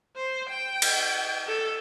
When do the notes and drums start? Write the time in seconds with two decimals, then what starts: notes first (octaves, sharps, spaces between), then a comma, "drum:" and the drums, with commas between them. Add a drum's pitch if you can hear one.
0.16 C5
0.49 G5
0.82 drum: cymbal
1.47 A4